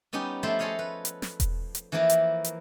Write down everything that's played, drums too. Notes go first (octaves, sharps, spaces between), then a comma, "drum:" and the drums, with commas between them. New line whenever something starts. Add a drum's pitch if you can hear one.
G3 B3 C#4 D#4 G4
F3 A3 E4 C5 E5
G#4 A4 C5 C#5 D#5 F5
B4
drum: hi-hat
drum: snare
drum: kick E1, hi-hat
drum: hi-hat
E3 F3 A#3 E4 A#4
drum: hi-hat
drum: hi-hat